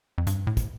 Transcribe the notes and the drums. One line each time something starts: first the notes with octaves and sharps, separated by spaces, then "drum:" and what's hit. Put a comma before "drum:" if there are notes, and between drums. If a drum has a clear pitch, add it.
F2
G2, drum: hi-hat
A2
drum: kick, hi-hat